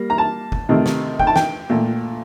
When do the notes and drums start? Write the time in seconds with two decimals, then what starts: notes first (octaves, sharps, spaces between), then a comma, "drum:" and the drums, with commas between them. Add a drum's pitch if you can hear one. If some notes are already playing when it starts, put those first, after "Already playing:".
Already playing: G3 A#3
0.10 A#5
0.18 A5
0.52 drum: kick
0.69 C3 D#3 A3
0.86 drum: snare
1.19 G5, drum: kick
1.27 A5
1.36 G5, drum: snare
1.70 A#2 A3